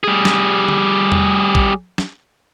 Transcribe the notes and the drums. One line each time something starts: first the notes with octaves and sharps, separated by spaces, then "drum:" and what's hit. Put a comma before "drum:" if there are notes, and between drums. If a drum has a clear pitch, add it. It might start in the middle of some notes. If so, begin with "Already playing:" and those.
G3 G#4
drum: snare
drum: tom D3
drum: tom E2
drum: kick A1
drum: snare